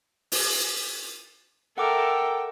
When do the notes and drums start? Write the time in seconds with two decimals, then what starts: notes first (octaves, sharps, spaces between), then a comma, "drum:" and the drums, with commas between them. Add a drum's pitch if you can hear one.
0.32 drum: open hi-hat
1.78 A4 A#4 E5 F#5 G5 D6